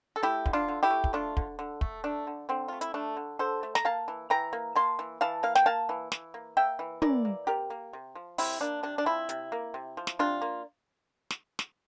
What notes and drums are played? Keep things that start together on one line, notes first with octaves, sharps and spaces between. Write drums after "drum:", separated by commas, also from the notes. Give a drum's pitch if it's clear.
A4
A3 E4 G4
D3, drum: kick
D4 F4
D3
E4 G4
A3
drum: kick
A3 D4 F4
D3, drum: kick
D3
A3, drum: kick
A3 D4
D3
D3 C4
A3 F4
E4, drum: hi-hat
A3 D4
D3
D3 A4 C5
A3
A#5, drum: snare
A#3 F5 A5
E3
E3 G5 A#5
A#3
A#3 A5 C6
E3
E3 F5 A5
A#3 F5
G5, drum: snare
A#3 F5 A5
E3
E3, drum: snare
A#3
A#3 E5 G5
E3
E3 A#4 D5, drum: tom
A#3
C3 G4 A#4
A#3
C3
F3
C3 C4 E4, drum: open hi-hat
A#3 D4
C3 D4
D4
F3 C4 E4
C3, drum: hi-hat
A#3
C3
F3
drum: snare
C3 D4 F4
A#3
drum: snare
drum: snare